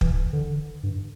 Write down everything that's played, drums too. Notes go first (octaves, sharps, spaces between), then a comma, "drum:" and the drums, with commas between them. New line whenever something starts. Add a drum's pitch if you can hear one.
E3, drum: kick
D3
G2